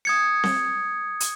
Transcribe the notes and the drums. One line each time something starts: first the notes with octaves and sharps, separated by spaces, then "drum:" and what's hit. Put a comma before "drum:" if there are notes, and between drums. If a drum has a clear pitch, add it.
D#6 G#6 C#7
drum: snare C4
drum: hi-hat